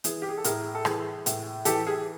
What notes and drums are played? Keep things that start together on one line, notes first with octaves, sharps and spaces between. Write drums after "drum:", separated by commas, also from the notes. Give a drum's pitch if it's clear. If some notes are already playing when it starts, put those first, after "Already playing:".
E3 G#4, drum: hi-hat
G4
G#4
A4
A2 G#4 A#4, drum: hi-hat
A4
E3 G#4, drum: rim click
A2, drum: hi-hat
E3 G4 A4, drum: hi-hat
G#4